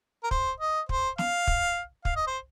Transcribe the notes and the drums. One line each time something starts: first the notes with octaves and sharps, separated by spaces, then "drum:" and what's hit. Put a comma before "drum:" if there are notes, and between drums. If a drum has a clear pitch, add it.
A#4
C5, drum: kick
D#5
C5, drum: kick
F5, drum: snare
drum: kick
F5, drum: kick
D#5
C5